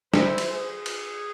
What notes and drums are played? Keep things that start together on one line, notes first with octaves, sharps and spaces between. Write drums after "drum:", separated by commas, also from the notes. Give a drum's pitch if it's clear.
E4 C5, drum: snare
drum: cymbal
G#4
drum: cymbal